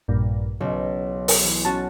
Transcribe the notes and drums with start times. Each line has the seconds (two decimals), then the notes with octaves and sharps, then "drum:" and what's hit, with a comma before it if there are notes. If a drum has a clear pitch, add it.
0.08 A#1 G2 A#2
0.61 B1 C#3
1.28 drum: open hi-hat
1.44 E3
1.65 C#4 F#4 A5